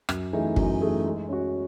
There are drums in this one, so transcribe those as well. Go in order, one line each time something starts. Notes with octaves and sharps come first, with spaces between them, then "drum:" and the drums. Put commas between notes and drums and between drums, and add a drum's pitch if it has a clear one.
F#2, drum: rim click
E3 A3 D#4 G#4
F#2, drum: kick
E3 A3 D#4 G#4
G#3
C#4 F#4